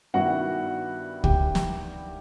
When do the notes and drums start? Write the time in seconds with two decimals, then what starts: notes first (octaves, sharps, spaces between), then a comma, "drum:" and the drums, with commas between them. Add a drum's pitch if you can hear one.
0.14 G2 D#3 G3 B3 E4 F#4 F#5
1.24 G4 G5, drum: kick
1.55 drum: snare